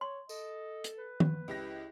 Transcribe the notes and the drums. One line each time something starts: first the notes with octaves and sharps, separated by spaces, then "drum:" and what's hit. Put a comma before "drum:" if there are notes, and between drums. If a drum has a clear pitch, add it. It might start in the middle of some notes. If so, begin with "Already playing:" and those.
C#5 C6
A4 D#5, drum: tambourine
drum: hi-hat
B4
drum: tom D#3
C#2 E4 G4 A#6